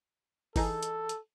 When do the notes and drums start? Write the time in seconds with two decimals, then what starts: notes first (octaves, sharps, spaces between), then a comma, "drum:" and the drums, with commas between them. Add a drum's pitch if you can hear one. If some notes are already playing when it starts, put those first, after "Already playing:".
0.56 E3 D#4 G#4 A4, drum: kick G1, open hi-hat
0.83 drum: hi-hat
1.09 drum: hi-hat